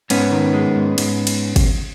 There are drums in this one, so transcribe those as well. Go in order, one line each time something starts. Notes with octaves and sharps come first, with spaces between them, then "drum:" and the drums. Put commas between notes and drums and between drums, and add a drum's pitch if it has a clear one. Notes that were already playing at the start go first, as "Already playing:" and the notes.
G#2 B3 C#4, drum: cymbal
D#3
G#3
G#2
G#2, drum: cymbal
drum: cymbal
drum: kick, cymbal